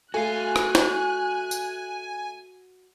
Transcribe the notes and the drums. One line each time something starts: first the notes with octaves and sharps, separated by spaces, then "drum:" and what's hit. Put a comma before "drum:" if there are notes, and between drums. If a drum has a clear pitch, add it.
A3 F#4 F5 G#5 F#6
drum: rim click
drum: snare
drum: tambourine